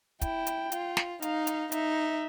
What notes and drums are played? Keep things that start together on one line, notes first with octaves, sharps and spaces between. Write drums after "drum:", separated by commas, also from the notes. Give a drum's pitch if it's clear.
E4 G5, drum: kick, hi-hat
drum: hi-hat
F4, drum: hi-hat
drum: snare
D#4 F5, drum: hi-hat
drum: hi-hat
D#4 E5, drum: hi-hat